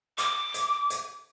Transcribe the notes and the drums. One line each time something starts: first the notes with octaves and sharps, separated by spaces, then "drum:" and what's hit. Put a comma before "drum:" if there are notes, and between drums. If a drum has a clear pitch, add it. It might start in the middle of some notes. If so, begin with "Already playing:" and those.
D6, drum: hi-hat
drum: hi-hat
drum: hi-hat